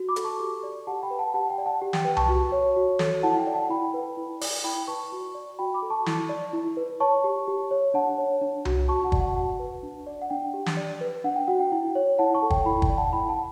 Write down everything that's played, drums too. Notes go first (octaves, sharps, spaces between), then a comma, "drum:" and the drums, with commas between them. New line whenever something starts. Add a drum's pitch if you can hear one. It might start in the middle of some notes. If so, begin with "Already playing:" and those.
Already playing: F#4
B5 D6
A4, drum: hi-hat
A5 C#6
G4
D5
G4 F#5 A5
G5 B5
B4
F#5 A5
G4 F#5 A5
G5
D5
F#5 A5
G4
G5, drum: snare
B4 G5
A5 C#6, drum: tom C2
F#4
C#5
F#4
A4, drum: snare
E4 F#5 A5
G5
D5
F#5 A5
E4 G5 B5
B4
E4
D5, drum: open hi-hat
E4 G5 B5
B4 A5 C#6
F#4
D5
F#4 G5 B5
B5 D6
A4
A5 C#6
E4, drum: snare
D5
E4
B4
C#5 A5 C#6
G4
G4
C#5
D4 F#5 A5
C#5
D4
F#4, drum: tom C2
F#4 A5 C#6
F#5 A5
D5, drum: kick
F#5 A5
F#4 F#5 A5
B4
D4
D5
F#5
D4 G5
G4
drum: snare
D5
B4
D4 F#5
G5
F#4 F#5
G5
E4
C#5
E4 F#5 A5
A5 C#6
A4
G5, drum: kick
E4 G5 B5
G5, drum: kick
D5
F#5 A5
E4 G5 B5
F#5 A5